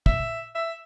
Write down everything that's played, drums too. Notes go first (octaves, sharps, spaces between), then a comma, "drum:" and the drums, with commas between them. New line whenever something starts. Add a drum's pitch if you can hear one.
E5, drum: kick
E5